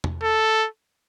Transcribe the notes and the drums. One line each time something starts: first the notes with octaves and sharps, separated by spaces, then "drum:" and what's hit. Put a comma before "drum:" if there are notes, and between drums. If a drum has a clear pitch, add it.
drum: tom E2
A4